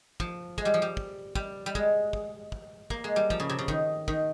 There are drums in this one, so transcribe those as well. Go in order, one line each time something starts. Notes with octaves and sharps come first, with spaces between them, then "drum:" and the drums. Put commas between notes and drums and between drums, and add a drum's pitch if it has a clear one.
F3, drum: kick
G#3, drum: kick
G3
F3
G3
drum: kick
G3, drum: kick
G3
G#3, drum: kick
drum: kick
drum: kick
A#3, drum: kick
G#3
G3
F3, drum: kick
C#3
C3
C#3
D#3, drum: kick
D#3, drum: kick